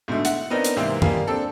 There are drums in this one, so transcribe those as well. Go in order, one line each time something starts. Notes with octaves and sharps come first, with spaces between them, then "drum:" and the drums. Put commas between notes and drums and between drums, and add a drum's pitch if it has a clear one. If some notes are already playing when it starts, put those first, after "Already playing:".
G#2 B2 D3 A3
E4 F#5, drum: hi-hat
B3 C4 D4 D#4 A#4
drum: hi-hat
G#2 C3 E3 A#3 C4
G3 A#3 G#4 F5, drum: tom
C4 D4 A4